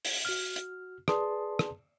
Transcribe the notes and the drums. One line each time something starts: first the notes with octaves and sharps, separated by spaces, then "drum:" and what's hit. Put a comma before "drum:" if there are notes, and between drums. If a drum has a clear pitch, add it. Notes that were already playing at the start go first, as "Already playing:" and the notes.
drum: open hi-hat
F#4 F6
drum: hi-hat
G#4 B4 D5 A5 C6 D#6, drum: rim click
drum: rim click